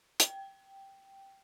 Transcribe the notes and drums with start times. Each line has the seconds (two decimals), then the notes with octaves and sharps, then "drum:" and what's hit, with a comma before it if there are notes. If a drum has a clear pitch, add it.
0.20 G5, drum: hi-hat